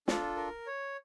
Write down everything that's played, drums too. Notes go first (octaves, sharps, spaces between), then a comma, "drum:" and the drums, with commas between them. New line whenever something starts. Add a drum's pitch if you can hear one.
D4 F4 A4, drum: snare
A#4
C#5